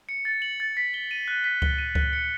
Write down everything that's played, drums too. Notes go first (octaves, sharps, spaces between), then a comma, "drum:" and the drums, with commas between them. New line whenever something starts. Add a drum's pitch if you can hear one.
C#7
A6
F#7
A6
B6
G7
D#7
F#6
B6
G7, drum: kick C#2
D#7
F#6, drum: kick C#2
C#7